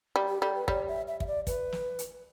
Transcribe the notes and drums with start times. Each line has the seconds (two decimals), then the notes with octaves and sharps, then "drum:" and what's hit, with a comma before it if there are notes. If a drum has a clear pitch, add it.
0.16 G3
0.28 G4
0.41 G3 A4
0.55 B4
0.68 G3 C#5, drum: kick
0.88 E5
1.08 E5
1.20 E5, drum: kick
1.27 D5
1.47 B4, drum: kick, hi-hat
1.72 drum: snare
1.99 drum: hi-hat